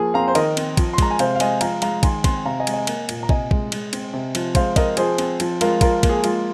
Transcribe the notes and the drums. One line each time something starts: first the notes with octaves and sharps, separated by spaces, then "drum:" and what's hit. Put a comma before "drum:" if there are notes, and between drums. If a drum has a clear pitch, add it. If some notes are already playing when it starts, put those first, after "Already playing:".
Already playing: F3 A#3 G#4
C4 F5 A#5
C5
D#3 A#4 D#5, drum: cymbal
C4, drum: cymbal
F3, drum: kick, cymbal
C6
G#3 A#5, drum: kick, cymbal
G#5
C3 C5 F5, drum: cymbal
F5
G#3 D#5 G#5, drum: cymbal
F3 F5 A#5, drum: cymbal
G#3 F5 A#5, drum: cymbal
D#3 G#5 C6, drum: kick, cymbal
C4 G#5 C6, drum: kick, cymbal
C3 F5 A#5
D#5 G#5
G#3, drum: cymbal
D#5 G#5
A#3, drum: cymbal
A#2, drum: cymbal
A#5
C3 D#5 G#5, drum: kick
G#3, drum: kick
G#3, drum: cymbal
C4, drum: cymbal
C3
F3, drum: cymbal
G#3 C5 F5, drum: kick, cymbal
C4 A#4 D#5, drum: kick, cymbal
F3 G#4 C5, drum: cymbal
C4, drum: cymbal
F3, drum: cymbal
G#3 F4 A#4, drum: cymbal
F3 F4 A#4, drum: kick, cymbal
A#3, drum: kick, cymbal
G#4
G#3 F4, drum: cymbal